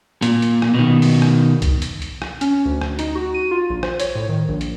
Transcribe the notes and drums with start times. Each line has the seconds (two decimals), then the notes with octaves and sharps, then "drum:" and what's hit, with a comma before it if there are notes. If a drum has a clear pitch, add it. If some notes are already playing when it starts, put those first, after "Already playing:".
0.22 A#2, drum: hi-hat
0.42 drum: hi-hat
0.62 drum: rim click
0.74 B2 D#3
1.02 drum: open hi-hat
1.22 drum: rim click
1.62 drum: kick B1, hi-hat
1.82 drum: hi-hat
2.02 drum: hi-hat
2.22 drum: rim click
2.41 C#4, drum: hi-hat
2.65 D2
2.81 drum: rim click
2.99 D#4, drum: hi-hat
3.15 F#4
3.34 D#7
3.51 F4
3.70 A#1
3.83 C5, drum: rim click
4.00 C#5, drum: hi-hat
4.15 A2
4.29 D#3
4.49 A#1
4.61 drum: hi-hat